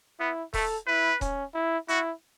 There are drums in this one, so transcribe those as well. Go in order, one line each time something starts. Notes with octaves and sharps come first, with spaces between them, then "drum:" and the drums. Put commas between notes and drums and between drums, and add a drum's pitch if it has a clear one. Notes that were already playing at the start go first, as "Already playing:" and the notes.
B3 E4
A3 A4, drum: kick D#1, open hi-hat
E4 B4
C#4, drum: kick D#1, hi-hat
E4
E4 F#4, drum: hi-hat